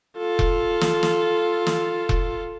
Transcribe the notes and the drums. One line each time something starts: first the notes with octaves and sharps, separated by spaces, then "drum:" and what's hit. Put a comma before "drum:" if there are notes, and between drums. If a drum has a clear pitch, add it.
F4 A4
drum: kick E1
drum: snare
drum: snare
drum: snare
drum: kick E1